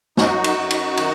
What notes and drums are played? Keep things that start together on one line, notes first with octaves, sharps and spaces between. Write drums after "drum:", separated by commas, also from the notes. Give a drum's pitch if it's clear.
F#2 D#4 F#4, drum: snare
drum: cymbal
F#2
drum: cymbal
D#3, drum: cymbal